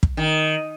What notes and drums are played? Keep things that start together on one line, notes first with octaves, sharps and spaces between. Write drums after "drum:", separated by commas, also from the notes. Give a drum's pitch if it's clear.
drum: kick
D#3